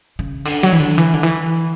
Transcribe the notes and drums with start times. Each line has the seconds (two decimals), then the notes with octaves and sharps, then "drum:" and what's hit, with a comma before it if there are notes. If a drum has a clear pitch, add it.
0.19 C#3
0.45 D3, drum: open hi-hat
0.63 F#3
0.73 E3
0.80 D3
0.98 E3
1.14 D3
1.23 E3